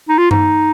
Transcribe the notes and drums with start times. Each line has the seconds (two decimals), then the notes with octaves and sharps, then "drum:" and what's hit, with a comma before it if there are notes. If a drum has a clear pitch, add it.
0.09 D#4
0.18 F4
0.31 D#4, drum: tom G2